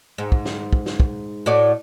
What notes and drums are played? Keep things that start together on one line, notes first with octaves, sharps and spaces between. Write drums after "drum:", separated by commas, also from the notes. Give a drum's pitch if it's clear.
G#2
drum: kick
drum: snare
drum: kick
drum: snare
drum: kick
A2 F#4 D5